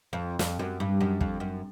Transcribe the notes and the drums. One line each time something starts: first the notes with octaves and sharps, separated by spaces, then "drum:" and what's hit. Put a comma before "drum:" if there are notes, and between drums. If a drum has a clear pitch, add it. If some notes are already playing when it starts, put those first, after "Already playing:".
F2
F2, drum: snare
F#2
G2
F#2
F2, drum: kick
F#2